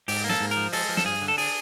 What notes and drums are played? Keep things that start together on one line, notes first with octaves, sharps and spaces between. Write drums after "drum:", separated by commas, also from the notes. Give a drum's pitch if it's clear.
G#2 G4, drum: open hi-hat
A#3
A4, drum: snare
G#2
A#4, drum: hi-hat
F3
G#3 A4, drum: open hi-hat
F3
A4, drum: snare
G2 G#4
D3
A4
D4 G#4, drum: open hi-hat